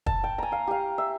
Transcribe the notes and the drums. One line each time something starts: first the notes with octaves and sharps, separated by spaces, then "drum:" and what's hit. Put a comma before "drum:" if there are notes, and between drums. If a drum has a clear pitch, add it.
A5, drum: kick
G5
G#5 A#5
F5
G4 F5
E5